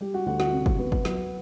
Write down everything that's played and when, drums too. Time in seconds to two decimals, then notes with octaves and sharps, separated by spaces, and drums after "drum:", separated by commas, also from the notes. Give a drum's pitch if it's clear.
0.01 G3 G4
0.14 F#4 F#5
0.26 D2 F#4 F#5
0.40 F#4 F#5, drum: snare
0.53 C3
0.66 drum: kick
0.79 B3
0.92 drum: kick
1.05 F#3, drum: snare